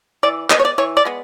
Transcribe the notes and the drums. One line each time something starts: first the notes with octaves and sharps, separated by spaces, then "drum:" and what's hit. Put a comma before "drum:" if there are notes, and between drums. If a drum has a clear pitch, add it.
E3 D5
G#3 B3 D#5, drum: clap
C#5
D5
E3 C#5
D5
G#3 B3